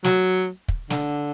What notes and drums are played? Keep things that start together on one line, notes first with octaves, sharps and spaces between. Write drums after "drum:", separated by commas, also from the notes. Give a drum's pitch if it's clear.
F#3, drum: snare
drum: kick
D3, drum: snare